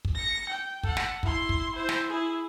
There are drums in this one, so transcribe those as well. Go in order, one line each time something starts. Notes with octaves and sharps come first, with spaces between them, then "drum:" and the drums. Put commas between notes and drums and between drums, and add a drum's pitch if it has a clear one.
drum: kick
A#6 C#7
G5
A4 F#5, drum: kick
drum: snare
E4 C6, drum: kick
drum: kick
E4 C5
drum: snare
E4 G#4